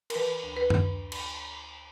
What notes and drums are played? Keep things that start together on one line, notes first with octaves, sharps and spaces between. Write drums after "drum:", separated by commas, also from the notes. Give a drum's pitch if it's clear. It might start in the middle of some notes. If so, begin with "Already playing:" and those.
A#4, drum: cymbal
E3 B4
D2
B4
D2, drum: tom F#2
drum: cymbal